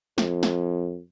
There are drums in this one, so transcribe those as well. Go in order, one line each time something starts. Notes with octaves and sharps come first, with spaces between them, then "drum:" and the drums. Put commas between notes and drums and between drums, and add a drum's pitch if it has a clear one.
F2, drum: snare
drum: snare